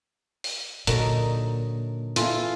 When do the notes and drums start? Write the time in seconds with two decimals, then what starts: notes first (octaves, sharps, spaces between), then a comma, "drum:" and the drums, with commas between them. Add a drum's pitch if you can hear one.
0.44 drum: open hi-hat
0.87 A#2 D3 F#3 D#4 A#4, drum: hi-hat
2.16 E3 F4 G#4 A4, drum: hi-hat